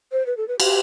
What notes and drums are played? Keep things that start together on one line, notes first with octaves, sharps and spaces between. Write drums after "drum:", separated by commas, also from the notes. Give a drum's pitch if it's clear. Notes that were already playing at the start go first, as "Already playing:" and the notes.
C5
B4
A4
B4
G4, drum: cymbal